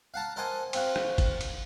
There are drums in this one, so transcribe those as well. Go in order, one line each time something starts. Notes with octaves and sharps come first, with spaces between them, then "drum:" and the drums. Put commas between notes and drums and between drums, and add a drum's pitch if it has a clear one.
F5 F#5 A5 A#5
A4 A#4 C5 D#5 F#5 G#5
C4 F4 F#4, drum: cymbal
drum: rim click
drum: kick, cymbal
drum: cymbal